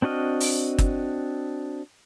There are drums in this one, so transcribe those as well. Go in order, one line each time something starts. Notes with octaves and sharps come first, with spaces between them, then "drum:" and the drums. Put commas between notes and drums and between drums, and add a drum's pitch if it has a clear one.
C4 D4 F#4 D#5 F6
drum: open hi-hat
drum: kick, hi-hat